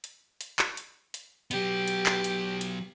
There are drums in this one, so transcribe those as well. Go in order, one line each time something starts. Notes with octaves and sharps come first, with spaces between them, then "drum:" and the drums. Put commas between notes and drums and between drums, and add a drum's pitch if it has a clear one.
drum: hi-hat
drum: hi-hat
drum: clap
drum: hi-hat
drum: hi-hat
F#3 B3 G4, drum: hi-hat
drum: hi-hat
drum: clap
drum: hi-hat
drum: hi-hat